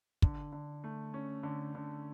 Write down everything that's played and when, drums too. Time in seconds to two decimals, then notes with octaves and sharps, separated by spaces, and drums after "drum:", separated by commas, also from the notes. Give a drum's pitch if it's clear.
0.22 D3, drum: kick
0.53 D3
0.84 A3
1.14 C#4
1.43 D3
1.75 D3